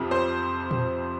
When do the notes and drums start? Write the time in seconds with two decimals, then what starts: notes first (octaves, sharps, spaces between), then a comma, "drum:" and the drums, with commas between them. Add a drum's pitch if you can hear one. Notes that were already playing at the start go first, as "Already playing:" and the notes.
Already playing: F2 C3 F3
0.11 C5
0.71 drum: tom A#2